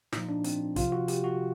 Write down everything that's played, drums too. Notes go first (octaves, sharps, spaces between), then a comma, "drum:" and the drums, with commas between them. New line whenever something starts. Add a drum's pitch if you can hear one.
A#2 F3 D#4, drum: snare
D4
C4, drum: hi-hat
C3 F3 F4, drum: kick, hi-hat
F#4
G4, drum: hi-hat
F#4